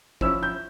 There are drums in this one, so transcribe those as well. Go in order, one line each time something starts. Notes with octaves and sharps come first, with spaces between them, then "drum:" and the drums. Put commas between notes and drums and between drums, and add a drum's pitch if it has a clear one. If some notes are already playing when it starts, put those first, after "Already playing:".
F3 C#4 E4 E6, drum: kick G1
G6